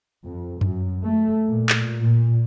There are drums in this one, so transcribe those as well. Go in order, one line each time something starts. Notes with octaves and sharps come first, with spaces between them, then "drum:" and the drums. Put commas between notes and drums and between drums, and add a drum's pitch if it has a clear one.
F2
F#2, drum: tom F#2
A3
A#2
drum: clap
A#2